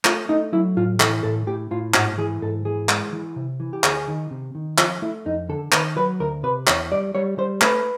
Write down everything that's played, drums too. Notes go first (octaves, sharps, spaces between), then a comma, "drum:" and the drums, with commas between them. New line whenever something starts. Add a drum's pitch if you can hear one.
A3 F4, drum: clap
A3 D#4
F#3 E4
A2 F4
E3 A4, drum: clap
A2 A4
A2 G4
A2 F4
G#2 F#4, drum: clap
E3 G#4
G#2 A4
E3 G#4
G#3, drum: clap
E3
C3
E3
G4
D2 G#4, drum: clap
D#3
C3
D#3
F3 F4, drum: clap
A3 E4
F2 D#4
D3 A4
D#3 B4, drum: clap
F#3 B4
D2 A#4
C3 B4
E2 C#5, drum: clap
G3 D5
G3 C#5
G3 C5
A3 B4, drum: clap